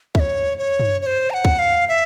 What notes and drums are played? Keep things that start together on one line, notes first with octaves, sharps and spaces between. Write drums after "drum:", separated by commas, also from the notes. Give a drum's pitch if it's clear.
E5, drum: kick
C#5
C#5
drum: tom
C#5
C5
A#5
F#5
drum: kick
F5
E5